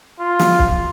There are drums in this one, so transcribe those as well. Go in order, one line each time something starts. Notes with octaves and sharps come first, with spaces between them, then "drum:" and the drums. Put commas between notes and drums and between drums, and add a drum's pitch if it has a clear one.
F4
drum: snare
drum: kick